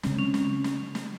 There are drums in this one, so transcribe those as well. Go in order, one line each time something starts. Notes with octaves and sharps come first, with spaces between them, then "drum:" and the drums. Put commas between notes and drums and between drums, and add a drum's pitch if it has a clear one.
C#3 G#3 C4, drum: snare
C#4
C#4, drum: snare
drum: snare
drum: snare